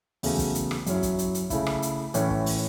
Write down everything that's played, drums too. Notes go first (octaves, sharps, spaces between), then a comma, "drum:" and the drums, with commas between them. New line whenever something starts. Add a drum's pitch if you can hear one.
E2 C#3 F#3 A3, drum: open hi-hat
drum: kick, hi-hat
drum: hi-hat
drum: rim click
F#2 F#3 C#4 E4, drum: hi-hat
drum: kick, hi-hat
drum: hi-hat
drum: hi-hat
C#3 A3 E4, drum: kick, hi-hat
drum: rim click
drum: hi-hat
A2 E3 C#4, drum: hi-hat
drum: kick
drum: open hi-hat